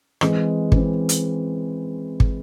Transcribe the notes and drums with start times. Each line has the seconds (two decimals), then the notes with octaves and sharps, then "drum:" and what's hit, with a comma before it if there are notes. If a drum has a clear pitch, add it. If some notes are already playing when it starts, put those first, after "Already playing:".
0.21 E3 G#3 C4, drum: rim click
0.72 E3 G#3 C4, drum: kick
1.09 drum: hi-hat
2.20 drum: kick